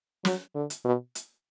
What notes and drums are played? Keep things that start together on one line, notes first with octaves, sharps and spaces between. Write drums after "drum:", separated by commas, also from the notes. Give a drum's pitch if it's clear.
F#3, drum: snare
D3
drum: hi-hat
B2
drum: hi-hat